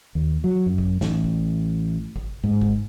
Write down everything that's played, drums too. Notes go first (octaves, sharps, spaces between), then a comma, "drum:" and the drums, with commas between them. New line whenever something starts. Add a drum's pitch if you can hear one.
D#2
F#3
F#2
drum: kick G#1
A1, drum: snare
drum: kick G#1
drum: kick G#1
G#2
drum: kick G#1